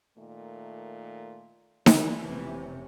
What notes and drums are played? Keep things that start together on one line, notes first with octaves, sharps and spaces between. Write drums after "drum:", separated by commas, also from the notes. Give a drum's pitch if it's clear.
A#2 D#3 A3
E3, drum: snare D#4
F1 C3 C#4